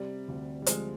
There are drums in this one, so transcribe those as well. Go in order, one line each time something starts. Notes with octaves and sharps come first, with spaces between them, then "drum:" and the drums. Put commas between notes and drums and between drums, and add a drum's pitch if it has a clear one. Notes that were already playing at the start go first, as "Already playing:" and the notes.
Already playing: C3 G3
D2
G3
F3 G#3, drum: hi-hat